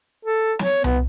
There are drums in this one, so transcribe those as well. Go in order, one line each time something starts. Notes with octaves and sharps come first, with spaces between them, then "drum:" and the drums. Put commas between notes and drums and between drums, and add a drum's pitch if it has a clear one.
A4
C#5, drum: snare
B3, drum: tom C2